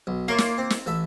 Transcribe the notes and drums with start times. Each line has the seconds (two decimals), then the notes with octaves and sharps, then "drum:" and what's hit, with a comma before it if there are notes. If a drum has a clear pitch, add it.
0.07 B1
0.28 A#3 F4 A#4 C#5
0.38 drum: snare
0.58 C4
0.70 drum: snare
0.86 A1 A4 E5